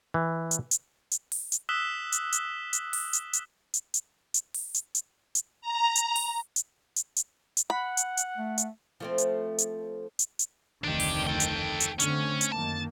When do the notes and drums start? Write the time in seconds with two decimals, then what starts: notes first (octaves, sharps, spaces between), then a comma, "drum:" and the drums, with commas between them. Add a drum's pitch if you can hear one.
0.14 E3
0.51 drum: hi-hat
0.71 drum: hi-hat
1.11 drum: hi-hat
1.32 drum: open hi-hat
1.52 drum: hi-hat
1.69 D#6 E6 F#6 B6 E7 G7
2.12 drum: hi-hat
2.32 drum: hi-hat
2.73 drum: hi-hat
2.93 drum: open hi-hat
3.13 drum: hi-hat
3.33 drum: hi-hat
3.74 drum: hi-hat
3.94 drum: hi-hat
4.34 drum: hi-hat
4.54 drum: open hi-hat
4.74 drum: hi-hat
4.95 drum: hi-hat
5.35 drum: hi-hat
5.61 A#5
5.95 drum: hi-hat
6.16 drum: open hi-hat
6.56 drum: hi-hat
6.96 drum: hi-hat
7.16 drum: hi-hat
7.57 drum: hi-hat
7.70 F#5 B5
7.97 drum: hi-hat
8.17 drum: hi-hat
8.37 A3
8.58 drum: hi-hat
9.00 F3 A3 C4
9.18 drum: hi-hat
9.58 drum: hi-hat
10.19 drum: hi-hat
10.39 drum: hi-hat
10.84 F1 D2 D#3 D4 G4
11.00 drum: open hi-hat
11.27 A4 G5
11.40 drum: hi-hat
11.80 drum: hi-hat
12.00 D3 A3 C4 C#4, drum: hi-hat
12.41 drum: hi-hat
12.52 F#2 D#3 A#3 A5